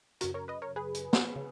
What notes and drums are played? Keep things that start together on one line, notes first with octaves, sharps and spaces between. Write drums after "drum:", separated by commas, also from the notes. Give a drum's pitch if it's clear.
F#2 C#3 F#4 A#4, drum: hi-hat
A#4 C#5
B4 D#5
A#4 C#5
G#4 B4
drum: hi-hat
drum: snare
C#3